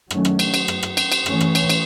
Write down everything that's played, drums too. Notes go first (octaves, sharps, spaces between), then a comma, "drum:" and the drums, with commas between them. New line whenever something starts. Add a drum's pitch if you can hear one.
D#3 F#3 A3 C#4, drum: rim click
drum: rim click
drum: cymbal
drum: cymbal
drum: rim click
drum: rim click
drum: cymbal
drum: cymbal
E3 A3 C#4, drum: rim click
drum: rim click
drum: cymbal
drum: cymbal